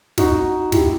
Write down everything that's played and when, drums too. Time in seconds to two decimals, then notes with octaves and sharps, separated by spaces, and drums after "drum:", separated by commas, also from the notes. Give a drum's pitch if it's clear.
0.18 D#4 F#4, drum: snare
0.72 E4 G4, drum: snare